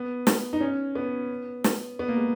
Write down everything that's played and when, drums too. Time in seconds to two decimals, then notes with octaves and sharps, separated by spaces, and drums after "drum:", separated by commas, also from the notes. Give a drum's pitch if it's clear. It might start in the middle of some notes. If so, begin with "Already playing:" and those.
Already playing: B3
0.27 drum: snare
0.53 D#4
0.60 C#4
0.95 B3
1.64 drum: snare
1.99 B3
2.08 A#3
2.17 G#3